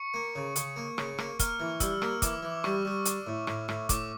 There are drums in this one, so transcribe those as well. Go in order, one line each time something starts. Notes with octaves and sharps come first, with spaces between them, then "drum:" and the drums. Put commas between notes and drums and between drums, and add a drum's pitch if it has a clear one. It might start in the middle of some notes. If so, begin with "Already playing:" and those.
Already playing: C#6 C#7
A#3
C#3
C#3, drum: hi-hat
A#3
C#3, drum: rim click
A#3, drum: rim click
A#3 F6, drum: kick, hi-hat
E3
G3 E6, drum: kick, hi-hat
A#3, drum: rim click
E3 D6, drum: kick, hi-hat
E3
G3 C#6, drum: rim click
G3
D4, drum: hi-hat
A2
A2, drum: rim click
A2, drum: rim click
A2 D6, drum: kick, hi-hat